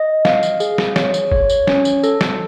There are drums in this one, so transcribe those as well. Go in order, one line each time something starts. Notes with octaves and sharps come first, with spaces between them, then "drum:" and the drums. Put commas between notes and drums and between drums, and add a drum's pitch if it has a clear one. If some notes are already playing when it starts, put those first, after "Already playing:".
Already playing: D#5
F5, drum: snare
drum: tambourine
G#4, drum: tambourine
drum: snare
C#5, drum: snare
drum: tambourine
C#5, drum: kick G1
drum: tambourine
C#4, drum: snare
drum: tambourine
A4, drum: tambourine
drum: snare